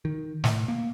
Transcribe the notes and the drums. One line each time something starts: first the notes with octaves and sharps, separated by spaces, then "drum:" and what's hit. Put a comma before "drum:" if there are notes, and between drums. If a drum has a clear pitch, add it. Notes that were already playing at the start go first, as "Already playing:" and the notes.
D#3
A2, drum: snare
A#3